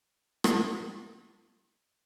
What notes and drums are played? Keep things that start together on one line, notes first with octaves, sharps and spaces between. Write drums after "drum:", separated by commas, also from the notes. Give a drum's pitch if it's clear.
drum: rim click
G#5